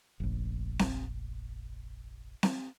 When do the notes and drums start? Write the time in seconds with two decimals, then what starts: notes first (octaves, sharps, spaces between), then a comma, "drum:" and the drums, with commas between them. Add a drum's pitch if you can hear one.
0.20 F1 A#1
0.79 drum: snare C4
2.43 drum: snare C4